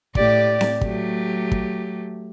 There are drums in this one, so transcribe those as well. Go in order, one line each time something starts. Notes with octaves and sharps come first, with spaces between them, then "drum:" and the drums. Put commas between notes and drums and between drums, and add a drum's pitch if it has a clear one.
A2 G4 D5, drum: kick
drum: snare C4
F#3 A3 G4, drum: kick
drum: kick